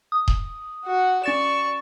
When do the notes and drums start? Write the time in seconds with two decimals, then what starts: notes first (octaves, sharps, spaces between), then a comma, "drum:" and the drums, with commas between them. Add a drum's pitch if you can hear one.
0.12 D#6
0.28 drum: kick D#1
0.84 F#4 F#5
1.24 C#4 D5 C#6 A6 E7